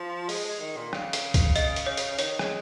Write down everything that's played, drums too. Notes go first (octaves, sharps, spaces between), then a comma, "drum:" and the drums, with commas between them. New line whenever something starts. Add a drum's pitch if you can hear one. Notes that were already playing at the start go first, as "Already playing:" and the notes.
Already playing: F3
G#3, drum: open hi-hat
G#3
D#3
A#2
C#3, drum: rim click
drum: hi-hat
drum: kick, hi-hat
D#5, drum: hi-hat
drum: hi-hat
C#5
drum: hi-hat
D#3 C#5, drum: hi-hat
G#3, drum: rim click